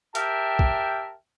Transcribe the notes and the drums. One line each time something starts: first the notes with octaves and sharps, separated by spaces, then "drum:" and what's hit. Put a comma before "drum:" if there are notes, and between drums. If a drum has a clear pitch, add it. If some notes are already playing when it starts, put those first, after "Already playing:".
G4 A#4 E5 G5 A5, drum: hi-hat
drum: kick